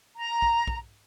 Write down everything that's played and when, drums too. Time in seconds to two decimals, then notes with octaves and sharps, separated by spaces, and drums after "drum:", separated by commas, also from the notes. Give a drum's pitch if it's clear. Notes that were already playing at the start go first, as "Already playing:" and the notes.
0.17 A#5
0.42 drum: kick
0.67 drum: kick